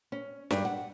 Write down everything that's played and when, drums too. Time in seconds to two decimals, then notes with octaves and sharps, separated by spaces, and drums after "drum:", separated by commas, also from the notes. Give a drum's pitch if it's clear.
0.12 C#4
0.50 G2, drum: snare
0.65 F#5